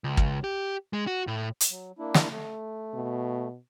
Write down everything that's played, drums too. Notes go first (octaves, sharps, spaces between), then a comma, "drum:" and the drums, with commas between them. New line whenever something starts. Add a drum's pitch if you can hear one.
C#2
drum: kick
G4
G#3
F#4
A2
drum: hi-hat
F#3
A#3 D4 E4
drum: snare
A3
B2